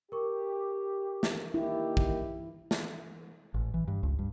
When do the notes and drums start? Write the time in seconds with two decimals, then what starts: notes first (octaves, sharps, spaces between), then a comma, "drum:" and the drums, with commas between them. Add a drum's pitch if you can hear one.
0.12 G4 A#4 C#6 D6
1.23 drum: snare
1.54 D#3 A#3 E4 G4
1.97 drum: kick
2.71 drum: snare
3.54 A1
3.74 E3
3.88 G2
4.03 C#2
4.19 G2